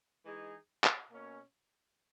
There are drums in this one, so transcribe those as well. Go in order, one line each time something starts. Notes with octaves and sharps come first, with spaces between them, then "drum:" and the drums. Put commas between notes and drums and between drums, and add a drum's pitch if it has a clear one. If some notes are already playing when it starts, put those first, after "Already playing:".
E3 G#3 D#4 G#4
drum: clap
B2 A#3 C#4